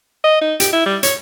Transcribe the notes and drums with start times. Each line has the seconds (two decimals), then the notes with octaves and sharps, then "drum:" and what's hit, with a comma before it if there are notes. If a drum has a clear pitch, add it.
0.24 D#5
0.42 D#4
0.60 G4, drum: hi-hat
0.73 E4
0.86 G3
1.03 C#5, drum: hi-hat